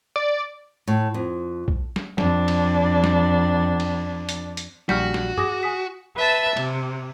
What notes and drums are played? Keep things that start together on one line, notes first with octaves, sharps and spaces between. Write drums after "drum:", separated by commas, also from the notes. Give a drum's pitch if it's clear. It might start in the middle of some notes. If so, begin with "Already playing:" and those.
D5
A2
F2
drum: kick
drum: snare
F2 D4, drum: snare
drum: cymbal
drum: snare
drum: cymbal
drum: hi-hat
drum: hi-hat
A#1 G3 F#4 F6 G6 B6, drum: snare
drum: snare
G#4 D6 D#6 A#6, drum: tom
G#5 D#6 B6
B4 E5 A5
C3, drum: cymbal